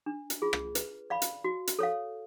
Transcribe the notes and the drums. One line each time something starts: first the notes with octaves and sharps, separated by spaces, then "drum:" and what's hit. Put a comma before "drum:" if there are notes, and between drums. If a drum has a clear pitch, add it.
D4
drum: hi-hat
F4 G#4
drum: rim click
B4, drum: hi-hat
D5 F5 B5
drum: hi-hat
F#4
drum: hi-hat
A4 C#5 F5